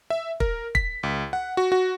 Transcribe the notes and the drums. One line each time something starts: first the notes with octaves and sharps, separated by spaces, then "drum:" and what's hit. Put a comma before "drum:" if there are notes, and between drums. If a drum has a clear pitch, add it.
E5
A#4, drum: kick
B6, drum: kick
C#2
F#5
F#4
F#4